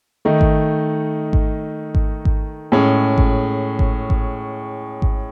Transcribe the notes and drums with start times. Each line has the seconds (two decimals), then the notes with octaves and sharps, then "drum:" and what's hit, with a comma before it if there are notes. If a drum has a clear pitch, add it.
0.25 D#3 A3 D#4
0.41 drum: kick G#1
1.33 drum: kick G#1
1.95 drum: kick G#1
2.25 drum: kick G#1
2.72 A2 G#3 C#4 G#4
3.18 drum: kick G#1
3.79 drum: kick G#1
4.10 drum: kick G#1
5.02 drum: kick G#1